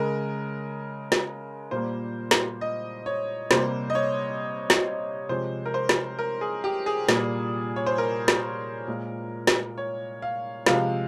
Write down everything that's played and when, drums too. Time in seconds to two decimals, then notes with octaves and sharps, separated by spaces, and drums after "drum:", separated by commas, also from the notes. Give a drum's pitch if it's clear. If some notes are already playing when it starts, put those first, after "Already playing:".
Already playing: C#3 G#3 A#4
1.12 drum: snare
1.71 A#2 G3 A#3 C5
2.31 drum: snare
2.61 D#5
3.06 C#5
3.51 C3 G3 A#3 C5, drum: snare
3.90 D#5
3.95 C#5
4.70 drum: snare
5.29 C3 F3 G#3 C5
5.66 A#4
5.74 C5
5.89 drum: snare
6.19 A#4
6.41 G#4
6.64 G4
6.86 G#4
7.09 A#2 G3 A#3, drum: snare
7.76 C#5
7.86 C5
7.98 A#4
8.28 drum: snare
8.88 A#2 G#3
9.47 drum: snare
9.77 C#5
10.22 F5
10.66 C3 F3 G#3 F5, drum: snare